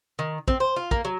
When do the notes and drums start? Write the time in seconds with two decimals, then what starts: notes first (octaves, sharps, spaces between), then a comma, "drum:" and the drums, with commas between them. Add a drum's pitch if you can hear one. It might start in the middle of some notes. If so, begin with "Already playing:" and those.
0.19 D#3
0.48 C4, drum: kick
0.60 C5
0.76 F4
0.91 A#3, drum: kick
1.05 F#3